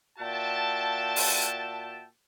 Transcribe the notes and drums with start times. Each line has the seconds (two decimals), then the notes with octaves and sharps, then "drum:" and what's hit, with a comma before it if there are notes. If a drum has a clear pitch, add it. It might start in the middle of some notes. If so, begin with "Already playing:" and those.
0.19 A#2 F#4 E5 G5 A5
1.16 drum: open hi-hat